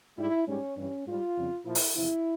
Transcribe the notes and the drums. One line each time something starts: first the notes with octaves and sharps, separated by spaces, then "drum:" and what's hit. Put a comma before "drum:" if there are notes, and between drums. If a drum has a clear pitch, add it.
G#2 G3 E4
G#2 G3 C#4
G2 E3 G3 C#4
G#2 G3 F4
F2 C#3 G3
A#2 F3 E4
drum: open hi-hat
E2 C3 F3 E4